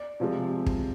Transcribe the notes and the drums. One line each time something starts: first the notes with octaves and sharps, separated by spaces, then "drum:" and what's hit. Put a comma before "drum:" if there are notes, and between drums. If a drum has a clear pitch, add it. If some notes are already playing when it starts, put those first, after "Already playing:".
Already playing: D5
C3 F3 G#3
drum: kick